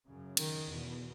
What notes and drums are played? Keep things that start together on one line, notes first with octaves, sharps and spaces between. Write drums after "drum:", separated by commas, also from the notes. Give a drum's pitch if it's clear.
F#2 C#3
D#3, drum: cymbal
E2 B2